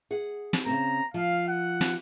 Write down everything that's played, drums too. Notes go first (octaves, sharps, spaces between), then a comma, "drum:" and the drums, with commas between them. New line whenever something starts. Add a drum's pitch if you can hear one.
G#4 F#5
drum: snare
C#3 C4 A#5
F3 F5
F#5
drum: snare